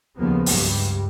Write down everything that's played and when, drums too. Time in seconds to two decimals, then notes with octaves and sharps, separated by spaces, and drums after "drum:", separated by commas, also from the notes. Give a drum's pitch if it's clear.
0.17 D#2 C#3 F3 A#3 B3
0.46 C#2 G2 G3, drum: open hi-hat